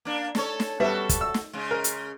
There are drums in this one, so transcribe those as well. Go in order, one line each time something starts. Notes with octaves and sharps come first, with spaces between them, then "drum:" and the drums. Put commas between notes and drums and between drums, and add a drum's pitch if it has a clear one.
A#3 D4
C#4 A4 C#5, drum: snare
drum: snare
G3 B3 F#4 A4 E5
drum: kick, hi-hat
E6
drum: snare
C#3 G#3
A#4
drum: hi-hat